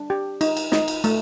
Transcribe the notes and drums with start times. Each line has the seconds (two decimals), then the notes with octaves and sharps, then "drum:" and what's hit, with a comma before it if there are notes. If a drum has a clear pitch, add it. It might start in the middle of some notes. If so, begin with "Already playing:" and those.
Already playing: D4
0.10 G4
0.41 D#4, drum: cymbal
0.57 drum: cymbal
0.72 D#4, drum: snare
0.88 drum: cymbal
1.04 A3, drum: cymbal